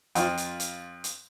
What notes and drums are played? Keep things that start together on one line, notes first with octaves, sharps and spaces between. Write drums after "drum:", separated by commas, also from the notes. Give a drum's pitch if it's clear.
F2 F4, drum: hi-hat
drum: hi-hat
drum: hi-hat
drum: hi-hat